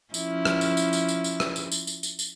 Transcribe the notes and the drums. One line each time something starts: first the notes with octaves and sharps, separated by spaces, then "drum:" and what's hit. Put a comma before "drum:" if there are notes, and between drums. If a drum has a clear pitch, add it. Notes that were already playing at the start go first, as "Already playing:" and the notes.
F3 C#4 E4, drum: tambourine
drum: rim click
drum: tambourine
drum: tambourine
drum: tambourine
drum: tambourine
drum: tambourine
drum: rim click
drum: tambourine
drum: tambourine
drum: tambourine
drum: tambourine
drum: tambourine